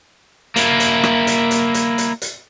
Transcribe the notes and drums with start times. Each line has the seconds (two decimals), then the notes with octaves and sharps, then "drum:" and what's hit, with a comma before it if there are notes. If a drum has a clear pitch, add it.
0.56 A#3 E4, drum: hi-hat
0.80 drum: hi-hat
1.04 drum: rim click
1.27 drum: hi-hat
1.51 drum: hi-hat
1.74 drum: hi-hat
1.98 drum: hi-hat
2.22 drum: hi-hat